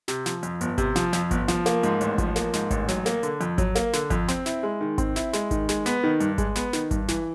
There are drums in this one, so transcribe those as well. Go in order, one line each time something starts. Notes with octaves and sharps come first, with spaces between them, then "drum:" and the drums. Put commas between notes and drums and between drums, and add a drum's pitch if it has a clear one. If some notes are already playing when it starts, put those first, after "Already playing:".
C3, drum: snare
F3, drum: snare
F2, drum: hi-hat
G1, drum: hi-hat
C3, drum: kick G#1, hi-hat
F3, drum: snare
F2, drum: snare
G1, drum: kick G#1, hi-hat
F3, drum: snare
A#3, drum: snare
G#2, drum: hi-hat
A1, drum: hi-hat
F3, drum: kick G#1, hi-hat
A#3, drum: snare
G#2, drum: snare
A1, drum: kick G#1, hi-hat
F#3, drum: snare
A#3, drum: snare
D3, drum: hi-hat
F2, drum: hi-hat
F#3, drum: kick G#1, hi-hat
A#3, drum: snare
D3, drum: snare
F2, drum: kick G#1, hi-hat
C4, drum: snare
E4, drum: snare
G#3
D#3
C4, drum: kick G#1, hi-hat
E4, drum: snare
G#3, drum: snare
D#3, drum: kick G#1, hi-hat
G#3, drum: snare
B3, drum: snare
D#3
G2, drum: hi-hat
G#3, drum: kick G#1, hi-hat
B3, drum: snare
D#3, drum: snare
G2, drum: kick G#1, hi-hat
E3, drum: snare